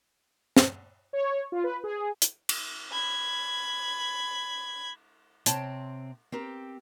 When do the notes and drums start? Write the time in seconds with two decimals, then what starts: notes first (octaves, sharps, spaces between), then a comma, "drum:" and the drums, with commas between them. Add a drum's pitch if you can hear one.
0.57 drum: snare
1.13 C#5
1.52 F4
1.64 B4
1.84 G#4
2.22 drum: hi-hat
2.49 drum: cymbal
2.92 B5 G#6
5.46 C3 C4 C#5 G5 A5, drum: hi-hat
6.32 C4 G4 A#4